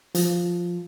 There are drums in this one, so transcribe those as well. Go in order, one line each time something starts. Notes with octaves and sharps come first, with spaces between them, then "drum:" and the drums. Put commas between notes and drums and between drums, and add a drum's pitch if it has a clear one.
F3, drum: hi-hat